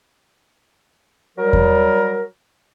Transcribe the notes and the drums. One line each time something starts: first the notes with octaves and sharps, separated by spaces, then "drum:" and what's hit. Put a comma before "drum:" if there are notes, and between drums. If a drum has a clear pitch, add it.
F#3 G3 A#4
drum: kick E2